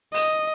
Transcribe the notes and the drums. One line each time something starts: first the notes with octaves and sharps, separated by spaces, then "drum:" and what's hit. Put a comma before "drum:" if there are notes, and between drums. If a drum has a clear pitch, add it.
D#5, drum: open hi-hat